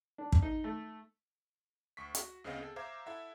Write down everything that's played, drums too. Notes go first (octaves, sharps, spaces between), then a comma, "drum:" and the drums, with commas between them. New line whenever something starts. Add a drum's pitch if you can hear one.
D4
drum: kick
D#4
A3
D2 C#6 B6
F#4, drum: hi-hat
D2 C#3 B3 C4 D#5 F5
C4 G#4 A4
C5 E5 F5 A#5 D6 G#6
E4 A4 E5 F#5